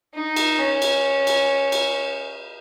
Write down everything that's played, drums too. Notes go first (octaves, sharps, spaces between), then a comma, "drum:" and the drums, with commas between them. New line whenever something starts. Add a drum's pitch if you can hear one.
D#4
drum: cymbal
C#4
drum: cymbal
drum: cymbal
drum: cymbal